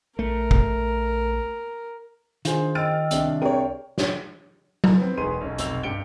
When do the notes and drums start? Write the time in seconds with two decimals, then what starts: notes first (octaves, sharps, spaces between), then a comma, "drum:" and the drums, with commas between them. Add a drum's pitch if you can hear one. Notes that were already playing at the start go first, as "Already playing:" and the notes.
0.19 A#1 A3 A#4
0.51 drum: kick
2.45 D#3 D4 F4 G#4 C5 G#5, drum: hi-hat
2.75 D#5 G5 E6 F6 A6 D7
3.11 C2 D4, drum: hi-hat
3.42 C4 G4 G#4 A#4 C#5 D5 G5
3.98 drum: snare
4.84 drum: tom F#3
4.98 B3 C4
5.18 E1 B3 D#4 G#4 C6 D#7
5.41 B1 C#4
5.58 F1 B1 E6 F7, drum: hi-hat
5.83 G2 G4 C#7 D7 G7